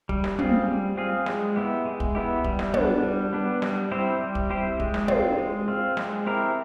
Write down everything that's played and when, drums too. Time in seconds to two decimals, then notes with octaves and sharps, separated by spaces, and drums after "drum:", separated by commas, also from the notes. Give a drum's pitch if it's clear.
0.09 G3, drum: kick
0.24 drum: snare
0.39 C4 F4 G#4, drum: tom
0.68 G3
0.97 C4 F4 G#4
1.26 G#3, drum: snare
1.56 B3 E4 G4
1.85 G#3
2.00 drum: kick
2.15 B3 E4 G4
2.44 G3, drum: kick
2.59 drum: snare
2.74 B3 D4, drum: tom
3.03 G3
3.33 B3 D4
3.62 G3, drum: snare
3.91 C4 E4 G4 C5
4.20 G3
4.35 drum: kick
4.49 C4 E4 G4 C5
4.80 G#3, drum: kick
4.94 drum: snare
5.08 C4 F4, drum: tom
5.38 G#3
5.68 C4 F4
5.97 G#3, drum: snare
6.26 C4 E4 G4 A#4